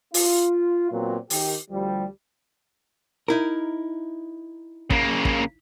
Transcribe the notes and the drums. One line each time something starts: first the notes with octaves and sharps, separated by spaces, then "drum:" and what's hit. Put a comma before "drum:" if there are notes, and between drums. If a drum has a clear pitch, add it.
F4, drum: open hi-hat
A#2 F#3 B3 C4 F4
D#3 G4, drum: open hi-hat
D2 F3 G3
D#4 E4 A#4
C#3 A#3, drum: kick
drum: kick